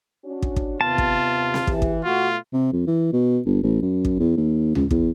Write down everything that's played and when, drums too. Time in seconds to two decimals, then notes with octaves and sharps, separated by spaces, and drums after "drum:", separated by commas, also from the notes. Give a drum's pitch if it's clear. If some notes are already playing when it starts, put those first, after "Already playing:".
0.25 C#4 D4 F#4
0.42 drum: kick
0.56 drum: kick
0.81 D#2 C3 B3 F4 A5
0.98 drum: kick
1.54 drum: snare C4
1.67 E2 E3 G4, drum: kick
1.82 drum: kick
2.04 B2 A3 F4 F#4
2.53 C3
2.73 F2
2.87 E3
3.13 B2
3.45 G1
3.63 A1
3.82 F#2
4.05 drum: kick
4.19 E2
4.37 D#2
4.75 C#2, drum: tom D2
4.91 E2, drum: kick